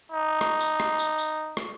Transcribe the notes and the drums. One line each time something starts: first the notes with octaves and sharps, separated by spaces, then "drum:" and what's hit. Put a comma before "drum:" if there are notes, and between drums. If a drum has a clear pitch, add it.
D#4
drum: rim click
drum: tambourine
drum: rim click
drum: tambourine
drum: tambourine
drum: rim click